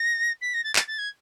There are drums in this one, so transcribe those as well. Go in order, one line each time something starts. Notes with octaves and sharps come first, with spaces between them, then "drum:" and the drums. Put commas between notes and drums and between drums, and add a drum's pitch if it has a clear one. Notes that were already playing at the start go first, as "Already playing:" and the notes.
Already playing: A#6
B6
A#6
A6
A6, drum: clap
A6
G#6